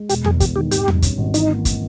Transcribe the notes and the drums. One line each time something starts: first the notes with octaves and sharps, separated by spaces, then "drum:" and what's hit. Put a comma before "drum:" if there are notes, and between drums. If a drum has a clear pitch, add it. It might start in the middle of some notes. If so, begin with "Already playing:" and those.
Already playing: G#3
E1 G4, drum: hi-hat
E2 G#4, drum: tom E2
E2 G4, drum: kick, hi-hat
D#3 G4
G#1 G4, drum: hi-hat
G3, drum: tom E2
C#4, drum: kick, hi-hat
G#1
E3 D#4, drum: hi-hat
A#3
drum: kick, hi-hat